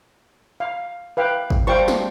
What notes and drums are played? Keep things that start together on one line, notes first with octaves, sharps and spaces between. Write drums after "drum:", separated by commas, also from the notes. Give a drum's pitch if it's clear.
F5
B4 F5 G5
drum: kick
G3 C5 F5 G5 A5 C#6
drum: snare